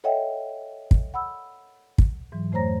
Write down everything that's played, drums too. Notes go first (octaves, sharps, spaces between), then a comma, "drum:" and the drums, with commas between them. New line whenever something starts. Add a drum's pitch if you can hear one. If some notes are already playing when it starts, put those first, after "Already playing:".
A4 C#5 D#5 E5 F#5 G5
drum: kick
F#5 B5 E6
drum: kick
G#2 E3 F#3
F2 A3 C5 C#5 A#5 A#6